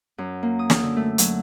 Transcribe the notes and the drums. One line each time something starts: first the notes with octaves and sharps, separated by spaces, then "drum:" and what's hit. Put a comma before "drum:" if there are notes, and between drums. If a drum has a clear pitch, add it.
F#2
A#3
D#6
drum: snare
D3
A3
F#3, drum: hi-hat